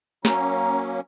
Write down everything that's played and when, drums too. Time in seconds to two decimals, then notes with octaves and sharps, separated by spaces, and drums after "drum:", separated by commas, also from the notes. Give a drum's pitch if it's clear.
0.25 F#3 A#3 C#4 A#5, drum: snare